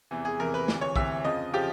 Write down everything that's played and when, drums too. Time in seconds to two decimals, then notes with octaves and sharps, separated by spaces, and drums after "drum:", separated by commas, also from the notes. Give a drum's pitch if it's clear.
0.11 E2 C3 E3
0.25 G#4
0.39 E2 C3 E3 A#4
0.54 B4
0.68 D2 C3 E3, drum: snare
0.81 C#5
0.96 D2 C3 E3 E5, drum: kick
1.24 F2 C#3 F3 D#5
1.53 C#3 F3 G4